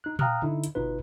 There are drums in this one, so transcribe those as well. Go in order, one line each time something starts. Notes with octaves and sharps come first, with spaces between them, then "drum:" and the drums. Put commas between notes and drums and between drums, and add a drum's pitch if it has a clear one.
D#4 F#6
F5 G5 A#5 D#6 F6 F#6, drum: tom A#2
D3 D#4 E4
drum: hi-hat
G1 B2 D#4 F4 B4